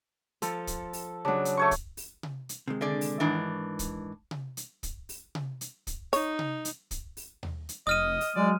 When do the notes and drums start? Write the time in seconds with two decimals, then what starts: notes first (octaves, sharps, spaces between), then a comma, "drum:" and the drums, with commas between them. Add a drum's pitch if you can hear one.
0.42 F3 A4, drum: hi-hat
0.67 drum: kick, hi-hat
0.93 drum: open hi-hat
1.25 C#3 F#3 D4
1.45 drum: hi-hat
1.57 A3 C#5 C#6
1.71 drum: kick, hi-hat
1.97 drum: open hi-hat
2.23 drum: tom C3
2.49 drum: hi-hat
2.68 C3 D#3 G#3
2.81 D3 G#4 D5
3.01 drum: open hi-hat
3.20 E2 G#2 D#3 E3 D4
3.79 drum: kick, hi-hat
4.31 drum: tom C3
4.57 drum: hi-hat
4.83 drum: kick, hi-hat
5.09 drum: open hi-hat
5.35 drum: tom C3
5.61 drum: hi-hat
5.87 drum: kick, hi-hat
6.13 D#4 C#5, drum: open hi-hat
6.39 drum: tom C3
6.65 drum: hi-hat
6.91 drum: kick, hi-hat
7.17 drum: open hi-hat
7.43 drum: tom D#2
7.69 drum: hi-hat
7.87 F1 D#5 D#6 F6 D#7
8.21 drum: open hi-hat
8.36 F#3 G#3 D5